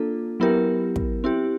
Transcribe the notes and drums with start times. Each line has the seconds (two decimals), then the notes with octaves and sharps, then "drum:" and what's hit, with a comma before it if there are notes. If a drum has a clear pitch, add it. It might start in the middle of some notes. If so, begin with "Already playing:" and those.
Already playing: A#3 D4 F4 A4
0.40 F#3 B3 E4 G4 A#4
0.96 drum: kick
1.24 C4 E4 G4